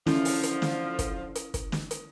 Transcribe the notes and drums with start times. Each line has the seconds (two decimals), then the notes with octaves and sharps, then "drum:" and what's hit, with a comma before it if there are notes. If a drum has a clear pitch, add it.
0.07 D3 F3 C#4 E4, drum: snare
0.25 drum: open hi-hat
0.43 drum: hi-hat
0.62 drum: snare
0.99 drum: kick, hi-hat
1.35 drum: hi-hat
1.54 drum: kick, hi-hat
1.72 drum: snare
1.91 drum: hi-hat